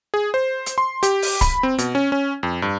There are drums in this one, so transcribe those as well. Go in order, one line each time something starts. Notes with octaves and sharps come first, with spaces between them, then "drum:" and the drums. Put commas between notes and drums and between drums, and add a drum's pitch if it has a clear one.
G#4
C5
drum: hi-hat
C6
G4, drum: hi-hat
drum: open hi-hat
B5, drum: kick C#1, hi-hat
C4
B2, drum: hi-hat
C#4
C#4
F2
G2